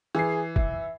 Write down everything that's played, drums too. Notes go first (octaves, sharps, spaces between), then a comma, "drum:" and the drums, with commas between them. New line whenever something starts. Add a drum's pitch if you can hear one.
E3 G#4 C7
E5, drum: kick